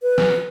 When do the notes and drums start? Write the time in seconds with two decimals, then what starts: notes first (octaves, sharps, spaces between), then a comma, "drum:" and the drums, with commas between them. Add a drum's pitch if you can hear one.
0.02 B4
0.18 drum: snare